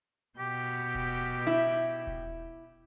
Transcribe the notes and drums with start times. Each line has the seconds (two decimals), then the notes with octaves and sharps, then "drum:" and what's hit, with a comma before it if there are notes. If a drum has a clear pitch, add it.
0.39 B2 G4 G5
0.95 drum: kick D#1
1.47 E4
2.07 drum: kick D#1